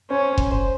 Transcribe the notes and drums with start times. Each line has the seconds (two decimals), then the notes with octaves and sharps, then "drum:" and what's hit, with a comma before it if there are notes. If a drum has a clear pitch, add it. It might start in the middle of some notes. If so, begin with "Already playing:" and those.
0.10 C#4 C5
0.38 drum: kick F1
0.52 C5